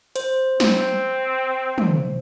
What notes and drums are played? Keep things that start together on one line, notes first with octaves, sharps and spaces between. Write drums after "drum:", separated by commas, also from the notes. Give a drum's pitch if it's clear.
C5, drum: hi-hat
C4, drum: snare
drum: tom